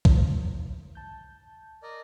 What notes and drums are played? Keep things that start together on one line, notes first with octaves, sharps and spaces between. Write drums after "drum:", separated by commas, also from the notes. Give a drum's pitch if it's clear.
B2 F3, drum: kick
A5 G6
A#4 D5 D#5